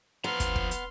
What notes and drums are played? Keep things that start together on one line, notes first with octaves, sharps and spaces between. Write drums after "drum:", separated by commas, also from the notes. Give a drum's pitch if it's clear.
F3 B3 A#5 C6 F6
drum: kick, hi-hat
drum: kick
drum: hi-hat